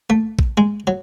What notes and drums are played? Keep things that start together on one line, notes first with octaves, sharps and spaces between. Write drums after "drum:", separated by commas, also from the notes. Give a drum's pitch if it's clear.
A3
drum: kick A#1
G#3
F#3